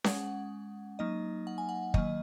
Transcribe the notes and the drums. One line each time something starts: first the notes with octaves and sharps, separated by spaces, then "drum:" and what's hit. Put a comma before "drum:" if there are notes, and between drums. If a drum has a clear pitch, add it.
G#3 C#4 F#5, drum: snare C#4
F#3 A#3 D#4 D#5
F#5
G#5
F#5
D#3 F#3 A#3 D#5, drum: kick